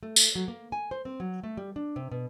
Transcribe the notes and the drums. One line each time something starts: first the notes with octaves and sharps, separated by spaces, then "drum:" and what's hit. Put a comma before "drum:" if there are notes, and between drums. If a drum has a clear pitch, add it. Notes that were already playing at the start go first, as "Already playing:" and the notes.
A3
drum: tambourine
F#3
A#3
G#5
C5
C4
F#3
A3
G3
D4
C3
B2